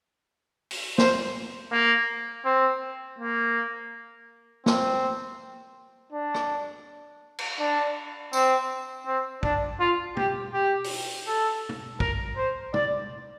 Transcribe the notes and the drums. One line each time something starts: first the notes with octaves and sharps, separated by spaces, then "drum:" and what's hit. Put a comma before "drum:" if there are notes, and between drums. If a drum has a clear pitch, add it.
drum: open hi-hat
C5, drum: snare
A#3
C4
A#3
C4, drum: snare
D4
drum: rim click
drum: cymbal
D4
C4, drum: tambourine
C4
D4, drum: kick
F4
G4, drum: tom
G4
drum: open hi-hat
A4
drum: tom
A#4, drum: kick
C5
D5, drum: tom